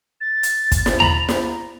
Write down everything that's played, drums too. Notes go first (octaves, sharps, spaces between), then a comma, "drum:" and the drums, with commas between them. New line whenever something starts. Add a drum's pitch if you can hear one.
A6
drum: hi-hat
drum: kick, hi-hat
drum: snare
A#5 B5, drum: tom D#2
drum: snare